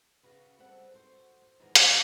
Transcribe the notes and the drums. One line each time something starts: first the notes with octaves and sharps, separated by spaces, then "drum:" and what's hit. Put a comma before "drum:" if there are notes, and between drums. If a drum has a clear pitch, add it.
C#3 B3 F#4 B4
G3 C4 A4 F#5
F#4 C5
C5
A#2 D#3 E3 F#3 G#3 B3
F#3, drum: hi-hat